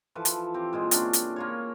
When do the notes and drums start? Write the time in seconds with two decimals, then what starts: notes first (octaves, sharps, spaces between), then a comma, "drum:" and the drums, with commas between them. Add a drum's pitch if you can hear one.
0.15 E3 F3 A4 B4
0.25 drum: hi-hat
0.54 C4 G4
0.73 A#2 G#3 G#4
0.91 C3 C#4 D4, drum: hi-hat
1.13 drum: hi-hat
1.36 A#3 F4 C#5